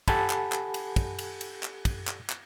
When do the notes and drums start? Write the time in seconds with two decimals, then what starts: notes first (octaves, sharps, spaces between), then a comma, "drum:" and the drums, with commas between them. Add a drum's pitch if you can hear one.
0.08 G4 A4 F#5 G#5 A5 B5, drum: kick, cymbal
0.30 drum: clap
0.52 drum: clap
0.74 drum: cymbal
0.96 drum: kick, cymbal
1.19 drum: cymbal
1.41 drum: cymbal
1.63 drum: clap
1.85 drum: kick, cymbal
2.07 drum: clap
2.30 drum: clap